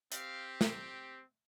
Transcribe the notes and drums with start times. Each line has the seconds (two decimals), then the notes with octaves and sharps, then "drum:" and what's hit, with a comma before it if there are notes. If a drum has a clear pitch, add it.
0.12 C4 G4 F5, drum: hi-hat
0.61 drum: snare